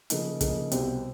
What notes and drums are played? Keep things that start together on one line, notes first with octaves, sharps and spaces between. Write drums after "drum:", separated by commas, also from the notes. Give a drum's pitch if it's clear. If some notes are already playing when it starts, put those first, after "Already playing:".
C#3 F3 A#3 D#4, drum: hi-hat
C#3 F3 A#3 D#4, drum: kick, hi-hat
C2 B2 G3 C4, drum: hi-hat